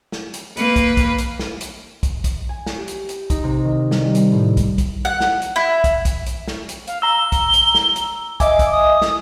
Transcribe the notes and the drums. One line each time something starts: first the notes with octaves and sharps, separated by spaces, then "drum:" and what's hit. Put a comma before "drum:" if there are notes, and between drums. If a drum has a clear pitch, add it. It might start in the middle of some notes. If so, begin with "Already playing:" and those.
drum: snare
drum: hi-hat
A#3 B4, drum: hi-hat
drum: kick, hi-hat
drum: kick, hi-hat
drum: hi-hat
drum: snare
drum: hi-hat
drum: kick, hi-hat
drum: kick, hi-hat
G#5
drum: snare
G4
drum: hi-hat
drum: hi-hat
D#4, drum: kick, hi-hat
C3
D#3
G3, drum: snare
drum: hi-hat
A2
drum: kick, hi-hat
drum: kick, hi-hat
F#5
drum: snare
drum: hi-hat
E4
drum: kick, hi-hat
drum: kick, hi-hat
drum: hi-hat
drum: snare
drum: hi-hat
F5, drum: hi-hat
A#5 E6 G7
drum: kick, hi-hat
drum: hi-hat
drum: snare
drum: hi-hat
D#5 E5 G#5 D6, drum: kick, hi-hat
drum: kick, hi-hat
D#6
drum: snare